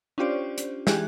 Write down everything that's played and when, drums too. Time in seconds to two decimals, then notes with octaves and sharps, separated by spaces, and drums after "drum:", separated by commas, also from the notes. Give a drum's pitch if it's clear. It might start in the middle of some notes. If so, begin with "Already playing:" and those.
0.18 C#4 D4 F4 G4 C5 D5
0.58 drum: hi-hat
0.87 E3 G#3 G4 G#4 F#6, drum: snare